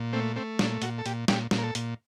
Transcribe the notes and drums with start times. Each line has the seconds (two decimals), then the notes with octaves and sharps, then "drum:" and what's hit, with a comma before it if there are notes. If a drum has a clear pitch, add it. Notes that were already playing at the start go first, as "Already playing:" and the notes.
Already playing: A#2
0.13 A3 C4
0.36 A3 C4
0.59 A#2 D4, drum: snare
0.82 A#2 F#4, drum: hi-hat
0.98 A4
1.06 A#2 G4, drum: hi-hat
1.28 A#2 G4, drum: snare
1.51 A#2, drum: snare
1.58 A#4
1.63 A4
1.75 A#2, drum: hi-hat